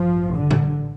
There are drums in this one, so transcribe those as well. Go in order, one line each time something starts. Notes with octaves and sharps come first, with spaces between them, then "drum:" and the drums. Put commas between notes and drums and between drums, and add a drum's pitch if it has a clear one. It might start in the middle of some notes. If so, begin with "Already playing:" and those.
Already playing: A1 G2 F3
D3
drum: tom